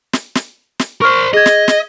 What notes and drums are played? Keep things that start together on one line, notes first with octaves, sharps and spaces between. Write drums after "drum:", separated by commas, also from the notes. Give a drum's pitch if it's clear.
drum: snare
drum: snare
drum: snare
A#4 C5 C#6 F6
G#4 D#5 G#6
drum: snare
drum: snare